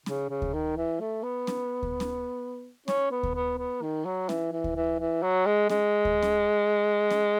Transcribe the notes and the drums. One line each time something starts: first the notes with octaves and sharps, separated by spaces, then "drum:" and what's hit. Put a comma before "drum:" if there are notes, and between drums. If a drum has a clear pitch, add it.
C#3, drum: snare C#4
C#3
drum: kick D2
D#3
E3
A3
B3
drum: snare C#4
drum: kick D2
drum: snare C#4
C#4, drum: snare C#4
B3
drum: kick D2
B3
B3
D#3
F#3
E3, drum: snare C#4
E3
drum: kick D2
E3
E3
F#3
G#3
G#3, drum: snare C#4
drum: kick D2
drum: snare C#4
drum: snare C#4